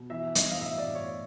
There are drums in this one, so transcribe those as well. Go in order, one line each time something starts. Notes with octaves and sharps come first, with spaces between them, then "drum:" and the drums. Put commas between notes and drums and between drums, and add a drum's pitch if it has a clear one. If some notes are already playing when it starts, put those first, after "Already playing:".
Already playing: B2
E3 E5
E3 D#5, drum: hi-hat
F5
A2 E5
D5
A2
C#5